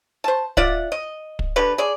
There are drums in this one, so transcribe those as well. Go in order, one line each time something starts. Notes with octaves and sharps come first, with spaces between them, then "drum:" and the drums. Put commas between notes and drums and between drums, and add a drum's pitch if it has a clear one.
C5 A5
F4 D5 E5 F#5, drum: kick
D#5
drum: kick
D3 G4 B4
G#4 D5